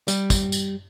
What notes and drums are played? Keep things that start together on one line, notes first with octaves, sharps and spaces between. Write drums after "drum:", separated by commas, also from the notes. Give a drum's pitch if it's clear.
G3, drum: tambourine
drum: kick, tambourine
drum: tambourine